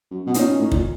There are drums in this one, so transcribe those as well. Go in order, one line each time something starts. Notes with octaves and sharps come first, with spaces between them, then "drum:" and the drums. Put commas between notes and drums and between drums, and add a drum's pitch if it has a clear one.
F#2
B2
A#2 C#4 D#4, drum: hi-hat
A2
A#2, drum: kick